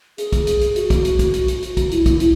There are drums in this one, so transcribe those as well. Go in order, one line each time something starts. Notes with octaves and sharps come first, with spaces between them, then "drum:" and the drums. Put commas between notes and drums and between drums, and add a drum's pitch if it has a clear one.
G#4, drum: hi-hat
drum: kick, hi-hat
drum: hi-hat
drum: hi-hat
F#4, drum: hi-hat
drum: kick, hi-hat
drum: hi-hat
drum: kick, hi-hat
drum: hi-hat
drum: hi-hat
drum: hi-hat
drum: kick, hi-hat
E4, drum: hi-hat
drum: kick, hi-hat
E4, drum: hi-hat